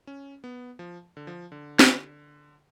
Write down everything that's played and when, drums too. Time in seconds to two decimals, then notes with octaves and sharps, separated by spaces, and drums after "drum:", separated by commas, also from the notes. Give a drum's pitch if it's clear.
0.07 C#4
0.44 B3
0.79 F3
1.17 D3
1.27 F3
1.52 D3
1.79 drum: snare